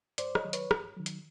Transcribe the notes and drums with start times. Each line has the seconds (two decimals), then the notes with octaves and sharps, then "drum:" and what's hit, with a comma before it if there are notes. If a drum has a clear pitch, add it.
0.18 G2 C5 D5, drum: hi-hat
0.35 C#5 D#5, drum: rim click
0.45 D#3 F#3
0.53 B4 C#5, drum: hi-hat
0.71 G2, drum: rim click
0.97 D#3 F#3
1.06 drum: hi-hat